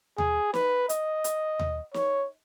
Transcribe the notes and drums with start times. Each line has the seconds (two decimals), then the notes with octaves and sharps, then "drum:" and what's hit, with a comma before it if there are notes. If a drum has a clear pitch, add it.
0.18 G#4, drum: tom D#2
0.54 B4, drum: snare
0.89 D#5, drum: hi-hat
1.24 drum: hi-hat
1.59 drum: tom D#2
1.94 C#5, drum: snare